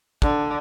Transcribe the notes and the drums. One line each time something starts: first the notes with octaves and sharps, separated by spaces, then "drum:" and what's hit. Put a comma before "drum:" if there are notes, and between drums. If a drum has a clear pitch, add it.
D3, drum: kick